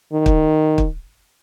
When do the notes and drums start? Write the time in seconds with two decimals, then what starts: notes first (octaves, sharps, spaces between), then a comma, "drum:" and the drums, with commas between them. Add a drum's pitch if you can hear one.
0.13 D#3
0.26 drum: kick
0.78 drum: kick